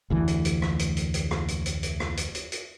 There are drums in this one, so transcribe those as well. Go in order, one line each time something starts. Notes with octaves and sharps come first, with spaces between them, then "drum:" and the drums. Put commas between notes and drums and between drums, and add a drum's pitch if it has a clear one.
F1 D2 E3
drum: hi-hat
drum: hi-hat
drum: rim click
drum: hi-hat
drum: hi-hat
drum: hi-hat
drum: rim click
drum: hi-hat
drum: hi-hat
drum: hi-hat
drum: rim click
drum: hi-hat
drum: hi-hat
drum: hi-hat